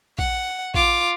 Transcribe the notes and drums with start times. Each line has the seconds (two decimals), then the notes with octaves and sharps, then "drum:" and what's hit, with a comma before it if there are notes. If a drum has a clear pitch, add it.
0.19 F#5, drum: kick A#1
0.74 F4 D6, drum: kick A#1